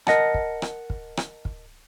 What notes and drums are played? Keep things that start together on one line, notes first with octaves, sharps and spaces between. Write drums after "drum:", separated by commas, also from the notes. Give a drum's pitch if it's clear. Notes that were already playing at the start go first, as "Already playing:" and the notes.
A#4 D#5 F#5 A5, drum: rim click
drum: kick
drum: rim click
drum: kick
drum: rim click
drum: kick